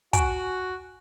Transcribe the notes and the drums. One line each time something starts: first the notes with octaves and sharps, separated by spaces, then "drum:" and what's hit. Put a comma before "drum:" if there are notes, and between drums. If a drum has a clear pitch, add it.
F#4 G#5, drum: kick, hi-hat